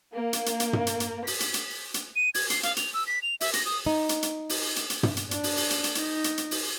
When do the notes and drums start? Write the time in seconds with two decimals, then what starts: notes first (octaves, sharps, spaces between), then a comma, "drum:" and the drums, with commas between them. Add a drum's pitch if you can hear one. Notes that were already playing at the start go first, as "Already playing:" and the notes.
0.14 A#3
0.33 drum: hi-hat
0.46 drum: hi-hat
0.60 drum: hi-hat
0.73 drum: tom
0.87 drum: hi-hat
1.00 drum: hi-hat
1.27 B6, drum: open hi-hat
1.40 drum: hi-hat
1.54 drum: hi-hat
1.94 drum: hi-hat
2.16 D#7
2.34 G#6, drum: open hi-hat
2.50 C7, drum: hi-hat
2.63 F5, drum: hi-hat
2.77 F7, drum: hi-hat
2.94 E6
3.07 B6
3.22 F7
3.41 E5, drum: open hi-hat
3.53 A#6, drum: hi-hat
3.66 D#6
3.86 D#4
4.09 drum: hi-hat
4.23 drum: hi-hat
4.49 drum: open hi-hat
4.76 drum: hi-hat
4.90 drum: hi-hat
5.03 drum: tom
5.17 drum: hi-hat
5.31 D4, drum: hi-hat
5.43 drum: open hi-hat
5.57 drum: open hi-hat
5.70 drum: hi-hat
5.84 drum: hi-hat
5.95 D#4, drum: hi-hat
6.24 drum: hi-hat
6.38 drum: hi-hat
6.51 drum: open hi-hat